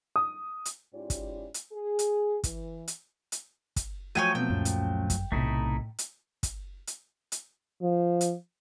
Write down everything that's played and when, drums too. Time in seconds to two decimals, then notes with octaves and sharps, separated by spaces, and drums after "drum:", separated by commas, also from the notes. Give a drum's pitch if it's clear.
0.16 D#6
0.65 drum: hi-hat
0.94 G#2 C#4 E4 F4 G4 D5
1.10 drum: kick, hi-hat
1.54 drum: hi-hat
1.72 G#4
1.99 drum: hi-hat
2.44 E3, drum: kick, hi-hat
2.88 drum: hi-hat
3.32 drum: hi-hat
3.76 drum: kick, hi-hat
4.15 F3 F#3 A3 F#4 C#5 G5 G#5
4.35 B2 B3 C4 G5
4.50 C#2 F#2 A#2 C#4
4.65 drum: hi-hat
5.10 drum: kick, hi-hat
5.32 B1 A2 C3 A3 D#4 E4
5.99 drum: hi-hat
6.43 drum: kick, hi-hat
6.87 drum: hi-hat
7.32 drum: hi-hat
7.82 F3
8.21 drum: hi-hat